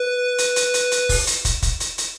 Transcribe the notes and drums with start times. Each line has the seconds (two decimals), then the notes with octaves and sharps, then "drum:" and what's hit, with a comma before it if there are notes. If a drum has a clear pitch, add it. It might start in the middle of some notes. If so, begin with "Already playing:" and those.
Already playing: B4
0.38 drum: hi-hat
0.56 drum: hi-hat
0.74 drum: hi-hat
0.92 drum: hi-hat
1.09 drum: kick, open hi-hat
1.27 drum: hi-hat
1.45 drum: kick, hi-hat
1.62 drum: kick, hi-hat
1.80 drum: hi-hat
1.98 drum: hi-hat